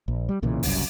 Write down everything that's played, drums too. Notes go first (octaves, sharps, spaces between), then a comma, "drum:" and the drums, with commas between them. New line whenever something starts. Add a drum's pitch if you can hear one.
A#1
G3
B1 A#2 C#3 E3
F#1 C2 F#2, drum: open hi-hat